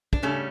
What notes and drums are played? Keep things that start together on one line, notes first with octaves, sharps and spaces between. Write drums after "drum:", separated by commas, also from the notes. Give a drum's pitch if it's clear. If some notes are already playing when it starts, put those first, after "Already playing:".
D4, drum: kick
C#3 G3 A3 C#4